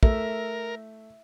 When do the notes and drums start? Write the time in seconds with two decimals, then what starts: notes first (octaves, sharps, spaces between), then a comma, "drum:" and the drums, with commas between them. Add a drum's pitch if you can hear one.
0.03 A3 A#4 E5, drum: kick